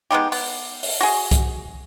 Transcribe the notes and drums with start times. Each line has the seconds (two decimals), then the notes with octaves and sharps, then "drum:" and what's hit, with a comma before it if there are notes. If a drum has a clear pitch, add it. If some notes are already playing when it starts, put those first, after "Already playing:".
0.11 G#3 B3 D#4 G4
0.32 B3, drum: open hi-hat
0.83 drum: open hi-hat
1.01 F#4 G#4
1.31 drum: kick C2, hi-hat